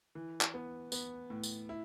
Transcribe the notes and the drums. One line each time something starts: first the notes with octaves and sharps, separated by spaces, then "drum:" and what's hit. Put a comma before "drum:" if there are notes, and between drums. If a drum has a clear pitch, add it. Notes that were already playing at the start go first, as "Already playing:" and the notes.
E3
drum: clap
B3
B3, drum: tambourine
A2
drum: tambourine
E4